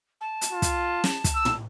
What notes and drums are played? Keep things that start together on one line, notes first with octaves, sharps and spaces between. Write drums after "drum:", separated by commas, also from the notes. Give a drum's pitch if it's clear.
A5
drum: hi-hat
F4
drum: kick, hi-hat
drum: snare
drum: kick, hi-hat
E6
drum: tom